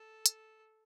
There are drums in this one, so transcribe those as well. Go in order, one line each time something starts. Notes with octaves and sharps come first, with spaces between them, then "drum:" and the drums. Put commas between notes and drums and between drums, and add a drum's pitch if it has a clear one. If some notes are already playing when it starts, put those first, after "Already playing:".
Already playing: A4
drum: hi-hat